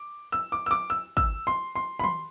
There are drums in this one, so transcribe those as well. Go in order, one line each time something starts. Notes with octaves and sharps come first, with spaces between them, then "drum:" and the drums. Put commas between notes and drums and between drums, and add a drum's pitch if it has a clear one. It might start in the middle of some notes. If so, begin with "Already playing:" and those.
Already playing: D6
E6
D6
E6
D6
E6
E6, drum: kick
C6
C6
B5
C6, drum: tom